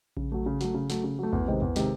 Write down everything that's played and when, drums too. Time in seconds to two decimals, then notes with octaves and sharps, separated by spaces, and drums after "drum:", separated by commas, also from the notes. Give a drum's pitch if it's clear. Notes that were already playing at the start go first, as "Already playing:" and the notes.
0.17 C#3, drum: kick A#1
0.32 F#3 A3
0.46 C#3
0.61 F#3 A3, drum: snare
0.74 C#3
0.90 F#3 A3, drum: snare
1.04 C#3
1.19 F#3 A3
1.33 E2, drum: kick A#1
1.47 C3 D#3 G#3 C4
1.62 E2
1.76 C3 D#3 G#3 C4, drum: snare